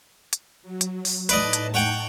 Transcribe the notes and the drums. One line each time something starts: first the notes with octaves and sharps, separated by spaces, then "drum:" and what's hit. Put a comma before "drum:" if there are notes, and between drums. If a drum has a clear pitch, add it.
drum: hi-hat
F#3
drum: hi-hat
drum: open hi-hat
A2 D#4 B4 D5 D#5 A5, drum: hi-hat
drum: hi-hat
C#5 F#5 G5